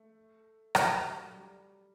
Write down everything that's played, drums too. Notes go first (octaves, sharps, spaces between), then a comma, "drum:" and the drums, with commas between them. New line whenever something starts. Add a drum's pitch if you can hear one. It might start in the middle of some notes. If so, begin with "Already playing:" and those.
Already playing: A3
G3, drum: rim click
F#3
G3